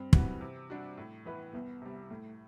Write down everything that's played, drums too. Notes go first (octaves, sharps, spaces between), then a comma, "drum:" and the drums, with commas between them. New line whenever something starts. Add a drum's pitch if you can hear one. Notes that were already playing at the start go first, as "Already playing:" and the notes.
Already playing: G2 C4
E3 G3 B3 F#4, drum: kick
C3
G3 D4 F#4
A2
E3 B3 E4 B4
C2 B3
C3 G3
A2 A3